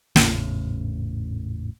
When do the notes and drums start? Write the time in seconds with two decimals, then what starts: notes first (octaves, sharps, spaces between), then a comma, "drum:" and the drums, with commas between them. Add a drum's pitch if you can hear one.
0.16 G#1 E2 A2 C#3, drum: snare